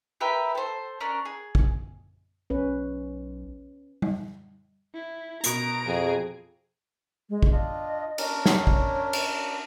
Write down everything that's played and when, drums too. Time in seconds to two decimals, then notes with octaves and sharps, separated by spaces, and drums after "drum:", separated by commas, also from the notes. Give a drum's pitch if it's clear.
0.21 G4 A#4 B4 E5
0.55 A4 C5
1.00 C#4 D4 A#4
1.25 G#4
1.55 drum: kick
2.50 B1 C#4 B4
4.02 drum: tom G3
4.95 E4
5.44 B2 A#4 A#5 D7, drum: hi-hat
5.87 F2 G#4
7.30 G#3
7.42 drum: kick
7.52 D4 F4 D#5
8.18 C#4 D4 A#4, drum: cymbal
8.46 C#5, drum: snare
8.67 drum: kick
9.13 drum: cymbal